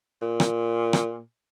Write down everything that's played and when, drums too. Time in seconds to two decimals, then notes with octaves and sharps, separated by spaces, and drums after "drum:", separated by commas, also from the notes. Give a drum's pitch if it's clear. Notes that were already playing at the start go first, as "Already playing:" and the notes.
0.22 A#2
0.40 drum: rim click
0.93 drum: rim click